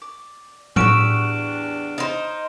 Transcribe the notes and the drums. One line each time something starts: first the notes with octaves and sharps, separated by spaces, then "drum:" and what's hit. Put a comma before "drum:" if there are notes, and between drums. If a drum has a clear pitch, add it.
D5
E2 D4 F#4 G4 E6 F6 D7 E7, drum: tom
D#4 C5